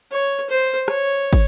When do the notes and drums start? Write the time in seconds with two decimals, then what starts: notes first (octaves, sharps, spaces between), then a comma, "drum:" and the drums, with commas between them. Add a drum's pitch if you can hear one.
0.12 C#5
0.50 C5
0.88 C#5, drum: rim click
1.33 drum: kick, cymbal